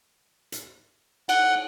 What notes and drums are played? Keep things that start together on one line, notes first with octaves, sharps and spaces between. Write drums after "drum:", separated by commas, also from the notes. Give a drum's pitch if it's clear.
drum: hi-hat
F#5, drum: cymbal